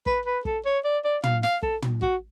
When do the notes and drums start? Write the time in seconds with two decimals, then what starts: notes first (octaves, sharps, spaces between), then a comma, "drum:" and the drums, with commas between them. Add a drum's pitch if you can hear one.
0.06 B4, drum: kick
0.25 B4
0.45 A4, drum: kick
0.65 C#5
0.84 D5
1.04 D5
1.23 F5, drum: tom
1.43 F5, drum: snare
1.63 A4, drum: kick
1.82 drum: tom
2.02 F#4, drum: kick